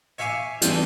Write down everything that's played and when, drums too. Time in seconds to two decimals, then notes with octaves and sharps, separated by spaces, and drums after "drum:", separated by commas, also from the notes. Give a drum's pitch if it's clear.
0.18 C#5 E5 F5 G#5 D6
0.62 E2 G2 E3 A3 C4, drum: hi-hat